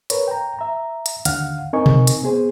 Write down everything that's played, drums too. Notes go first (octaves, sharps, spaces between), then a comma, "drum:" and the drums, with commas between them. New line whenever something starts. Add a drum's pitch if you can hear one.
A#4 B4 C#5, drum: hi-hat
G5 A#5
E5 A#5
drum: hi-hat
D#2 D3 F5 F#5 F6, drum: hi-hat
C4 D#4 A#4 D#5 G#5 C#6
drum: tom B2
drum: hi-hat
B3 G#4 C5